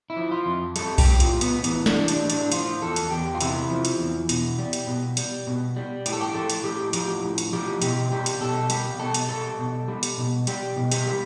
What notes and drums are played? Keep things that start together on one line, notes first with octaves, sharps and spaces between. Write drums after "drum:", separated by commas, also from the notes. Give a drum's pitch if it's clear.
E4
F3
F4
F2
G3 A4, drum: hi-hat
G4, drum: kick B1, open hi-hat
A2
F4, drum: hi-hat
A2
B3, drum: hi-hat
E3 B3, drum: hi-hat
D4, drum: snare
G3
D4, drum: hi-hat
A2
D4, drum: hi-hat
F3 F4, drum: hi-hat
E2 A4
drum: hi-hat
E2 G4
F4
C3 E4, drum: hi-hat
F3
drum: hi-hat
E2
B2, drum: hi-hat
G3
drum: hi-hat
B2
G3, drum: hi-hat
B2
G3
A2 G4, drum: hi-hat
A4
G4
F3 A4
drum: hi-hat
A2 G4
F3 G4, drum: hi-hat
A2
drum: hi-hat
F3 G4
B2 G4, drum: hi-hat
G3 G4
drum: hi-hat
B2 A4
G3 G4, drum: hi-hat
B2 A4
drum: hi-hat
G3 A4
B2
G3
drum: hi-hat
B2
G3 G4, drum: hi-hat
B2
G4, drum: hi-hat
G3